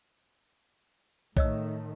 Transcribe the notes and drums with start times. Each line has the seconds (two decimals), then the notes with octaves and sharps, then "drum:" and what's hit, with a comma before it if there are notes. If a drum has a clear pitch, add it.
1.37 A2 D#3 A3 C#5 D#5 E6, drum: kick B1